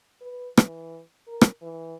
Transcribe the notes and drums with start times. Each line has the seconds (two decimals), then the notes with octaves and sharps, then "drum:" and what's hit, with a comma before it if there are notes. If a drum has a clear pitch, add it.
0.21 B4
0.57 E3, drum: rim click
1.27 A#4
1.41 drum: rim click
1.62 E3